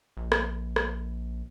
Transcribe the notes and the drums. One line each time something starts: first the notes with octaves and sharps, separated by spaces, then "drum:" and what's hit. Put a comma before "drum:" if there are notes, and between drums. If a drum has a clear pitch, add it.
A#1
drum: rim click
drum: rim click